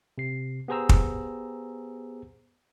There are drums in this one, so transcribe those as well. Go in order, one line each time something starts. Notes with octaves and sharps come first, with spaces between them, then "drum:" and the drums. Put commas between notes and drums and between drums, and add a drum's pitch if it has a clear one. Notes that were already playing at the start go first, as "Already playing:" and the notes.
C3 C7
B3 G4 G#4 C5 A#5 E6
drum: kick